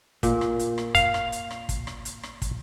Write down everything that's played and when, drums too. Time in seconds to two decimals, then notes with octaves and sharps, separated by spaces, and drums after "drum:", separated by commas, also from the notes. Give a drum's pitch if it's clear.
0.23 A#2, drum: kick, hi-hat
0.41 drum: rim click
0.59 drum: hi-hat
0.78 drum: rim click
0.95 F5, drum: kick, hi-hat
1.14 drum: rim click
1.32 drum: hi-hat
1.51 drum: rim click
1.69 drum: kick, hi-hat
1.87 drum: rim click
2.05 drum: hi-hat
2.23 drum: rim click
2.42 drum: kick, hi-hat